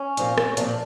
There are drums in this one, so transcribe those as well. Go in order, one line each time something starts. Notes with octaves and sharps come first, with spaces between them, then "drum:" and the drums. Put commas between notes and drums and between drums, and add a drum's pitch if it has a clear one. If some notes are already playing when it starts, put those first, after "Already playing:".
Already playing: C#4
A#2 F3 A#3, drum: hi-hat
drum: rim click
A#2 F3 A#3 D4, drum: hi-hat